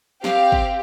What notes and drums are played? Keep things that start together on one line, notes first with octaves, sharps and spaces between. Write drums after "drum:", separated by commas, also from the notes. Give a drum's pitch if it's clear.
C4 G4 F5, drum: snare
drum: kick